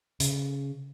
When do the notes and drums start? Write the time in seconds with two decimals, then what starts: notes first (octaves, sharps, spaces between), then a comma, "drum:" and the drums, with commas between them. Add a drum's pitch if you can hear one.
0.20 C#3, drum: hi-hat